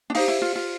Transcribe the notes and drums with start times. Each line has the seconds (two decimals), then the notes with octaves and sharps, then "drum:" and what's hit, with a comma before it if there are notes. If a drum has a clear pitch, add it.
0.10 D4
0.15 D#4 G4 C5 F5, drum: open hi-hat
0.28 E4
0.42 F4
0.56 F4